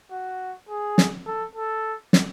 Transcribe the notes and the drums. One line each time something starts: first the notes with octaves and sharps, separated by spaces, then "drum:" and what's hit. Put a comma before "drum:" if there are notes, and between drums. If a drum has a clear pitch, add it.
F#4
G#4
drum: snare
A4
A4
drum: snare